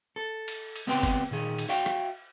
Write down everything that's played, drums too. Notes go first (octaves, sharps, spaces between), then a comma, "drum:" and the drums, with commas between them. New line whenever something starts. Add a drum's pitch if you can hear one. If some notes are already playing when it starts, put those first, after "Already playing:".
A4
drum: cymbal
drum: cymbal
C#2 B3 C4 G4 B4 G5
drum: kick, cymbal
A#2 D#3 G#4
drum: cymbal
F#4 E5 F5 G5
drum: rim click